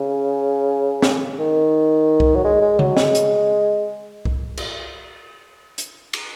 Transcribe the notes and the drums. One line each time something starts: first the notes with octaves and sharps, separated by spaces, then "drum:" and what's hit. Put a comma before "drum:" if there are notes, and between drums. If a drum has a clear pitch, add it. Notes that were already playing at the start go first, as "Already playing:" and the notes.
Already playing: C#3
drum: snare
D#3
drum: kick
F#3
G#3
G#3
F#3, drum: tom C#3
G#3, drum: snare
drum: hi-hat
drum: kick
drum: cymbal
drum: hi-hat
drum: cymbal